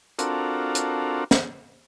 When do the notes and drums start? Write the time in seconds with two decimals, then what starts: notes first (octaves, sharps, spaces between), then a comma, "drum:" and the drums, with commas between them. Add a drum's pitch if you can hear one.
0.19 C4 D4 F4 F#4 A4 A#4, drum: hi-hat
0.75 drum: hi-hat
1.31 drum: snare